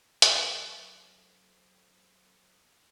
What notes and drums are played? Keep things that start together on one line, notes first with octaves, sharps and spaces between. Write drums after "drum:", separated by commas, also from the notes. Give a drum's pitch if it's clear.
F#3 A4 C5, drum: hi-hat